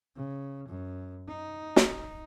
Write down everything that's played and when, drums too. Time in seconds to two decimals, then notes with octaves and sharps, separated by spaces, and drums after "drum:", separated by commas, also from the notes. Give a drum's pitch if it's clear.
0.16 C#3
0.68 F#2
1.28 D#4
1.76 drum: snare